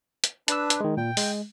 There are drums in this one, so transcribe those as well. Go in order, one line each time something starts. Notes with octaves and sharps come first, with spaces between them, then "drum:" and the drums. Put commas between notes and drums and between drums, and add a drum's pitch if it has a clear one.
drum: hi-hat
D4 B4 A5 E6, drum: hi-hat
drum: hi-hat
D#3 G#3
A#2 G5
G#3, drum: open hi-hat